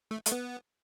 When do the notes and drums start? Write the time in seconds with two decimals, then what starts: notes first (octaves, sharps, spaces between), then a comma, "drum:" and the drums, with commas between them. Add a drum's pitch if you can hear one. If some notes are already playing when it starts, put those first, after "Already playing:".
0.11 A3
0.26 A3, drum: hi-hat
0.32 B3